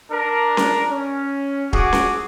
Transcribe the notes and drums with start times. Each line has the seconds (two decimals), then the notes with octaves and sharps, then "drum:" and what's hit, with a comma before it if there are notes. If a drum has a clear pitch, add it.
0.11 D4 A#4
0.57 drum: snare C#4
0.90 C#4
1.73 F#4 G#4 D6, drum: kick D1
1.93 drum: snare C#4